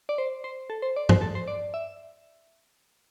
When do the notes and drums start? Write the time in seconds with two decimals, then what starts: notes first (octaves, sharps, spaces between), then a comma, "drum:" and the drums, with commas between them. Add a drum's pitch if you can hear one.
0.09 D5
0.18 C5
0.44 C5
0.70 A4
0.82 C5
0.96 D5
1.09 C5, drum: tom G2
1.21 A4
1.35 C5
1.48 D5
1.74 E5